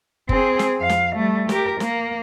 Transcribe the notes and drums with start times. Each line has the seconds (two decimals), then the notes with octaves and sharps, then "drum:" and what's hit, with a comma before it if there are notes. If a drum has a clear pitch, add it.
0.29 C4 G#4, drum: kick F#1
0.59 drum: snare
0.79 F2 F5
0.89 drum: snare
1.16 G3 A3
1.49 G4 A#4, drum: snare
1.80 A#3, drum: snare